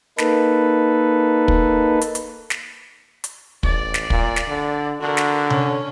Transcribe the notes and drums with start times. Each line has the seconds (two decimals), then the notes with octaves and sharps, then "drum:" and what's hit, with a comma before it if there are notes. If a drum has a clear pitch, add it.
0.18 A#3 D#4 A4 B4, drum: snare
1.48 drum: kick
2.01 drum: hi-hat
2.15 drum: hi-hat
2.50 drum: snare
3.24 drum: hi-hat
3.63 A1 D5, drum: kick
3.94 drum: snare
4.10 A#2, drum: kick
4.36 drum: snare
4.48 D3
5.01 D3 F#4 A#4
5.17 drum: snare
5.50 C#4, drum: tom C3